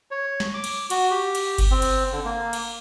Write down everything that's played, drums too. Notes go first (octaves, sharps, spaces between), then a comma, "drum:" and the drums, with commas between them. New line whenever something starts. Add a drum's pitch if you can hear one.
C#5
drum: snare
D6
drum: cymbal
F#4, drum: cymbal
G4
drum: cymbal
drum: kick G1, cymbal
C4
drum: cymbal
D3
A#3
drum: cymbal